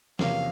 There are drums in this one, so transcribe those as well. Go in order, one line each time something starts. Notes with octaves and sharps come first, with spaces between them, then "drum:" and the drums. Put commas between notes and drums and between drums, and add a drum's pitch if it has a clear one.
E2 C3 F3 A#3 C#4 F5, drum: snare